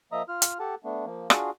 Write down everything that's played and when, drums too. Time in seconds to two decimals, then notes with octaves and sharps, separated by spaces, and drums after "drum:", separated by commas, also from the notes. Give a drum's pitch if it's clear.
0.12 F3 A#3 D#5 E5 A#5 D#6
0.29 F4 F6
0.42 drum: hi-hat
0.60 G4 A4 F#5 A5
0.84 A3 B3 D4
1.05 F3 A#3
1.30 D4 F4 F#4 G#4, drum: rim click